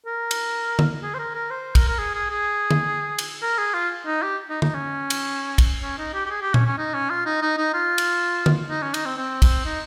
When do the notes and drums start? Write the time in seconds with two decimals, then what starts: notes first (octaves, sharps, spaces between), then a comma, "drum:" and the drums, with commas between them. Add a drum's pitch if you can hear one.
0.07 A#4
0.31 drum: cymbal
0.79 drum: tom D3
1.03 G#4
1.15 C5
1.19 A#4
1.35 A#4
1.50 C5
1.75 A#4, drum: kick, cymbal
1.88 A#4
1.99 G#4
2.15 G#4
2.30 G#4
2.71 drum: tom D3
3.19 drum: cymbal
3.42 A#4
3.58 G#4
3.74 F4
4.06 D#4
4.23 G4
4.50 D#4
4.62 D#4, drum: tom D3
4.74 C#4
5.10 drum: cymbal
5.58 drum: kick, cymbal
5.82 C#4
5.98 D#4
6.14 G4
6.26 G4
6.30 G#4
6.42 G4
6.54 C#4, drum: tom A#2
6.66 C#4
6.78 D#4
6.94 C#4
7.10 F4
7.26 D#4
7.42 D#4
7.58 D#4
7.74 F4
7.98 drum: cymbal
8.46 drum: tom D3
8.70 D#4
8.82 C#4
8.94 D#4, drum: cymbal
9.06 C4
9.18 C4
9.42 drum: kick, cymbal
9.66 D#4